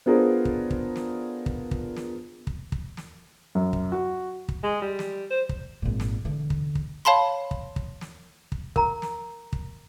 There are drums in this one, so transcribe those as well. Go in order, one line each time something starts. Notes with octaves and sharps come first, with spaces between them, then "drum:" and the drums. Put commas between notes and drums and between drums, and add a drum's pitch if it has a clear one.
B3 D4 F4 G#4 A#4 C5
drum: kick
drum: kick
drum: snare
drum: kick
drum: kick
drum: snare
drum: kick
drum: kick
drum: snare
F#2
drum: kick
F#4
drum: kick
G#3
G3
drum: snare
C5
drum: kick
G#1 A#2
drum: snare
E2 D3
drum: kick
drum: kick
C#5 F5 A5 B5 C6
drum: kick
drum: kick
drum: snare
drum: kick
A#4 A#5, drum: kick
drum: snare
drum: kick